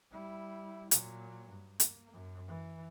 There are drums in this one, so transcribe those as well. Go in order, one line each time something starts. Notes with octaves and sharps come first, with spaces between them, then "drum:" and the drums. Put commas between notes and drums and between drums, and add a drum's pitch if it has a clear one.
G3 E4
A#2 F#3, drum: hi-hat
G2
A#3, drum: hi-hat
F#2
E3